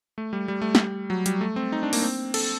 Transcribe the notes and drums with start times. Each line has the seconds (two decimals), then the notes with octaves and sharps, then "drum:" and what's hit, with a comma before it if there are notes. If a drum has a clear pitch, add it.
0.18 A3
0.33 G3
0.48 G3
0.62 A3
0.75 G3, drum: snare
1.10 F#3
1.26 G3, drum: hi-hat
1.41 A3
1.56 C4
1.72 D#4
1.83 D4
1.93 A#3, drum: open hi-hat
2.02 C4
2.34 A4, drum: cymbal